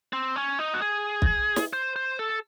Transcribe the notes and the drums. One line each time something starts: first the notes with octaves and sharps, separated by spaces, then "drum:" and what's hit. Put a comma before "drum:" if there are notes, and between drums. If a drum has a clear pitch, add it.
C4
C#4
D#4
F#4
G#4
drum: kick
drum: snare
C5
C5
A4